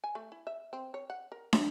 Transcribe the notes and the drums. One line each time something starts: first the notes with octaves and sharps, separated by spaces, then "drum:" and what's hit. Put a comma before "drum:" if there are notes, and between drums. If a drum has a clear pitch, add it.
G#5
A3
E4
E5
C4
C#5
F#5
A#4
E5, drum: snare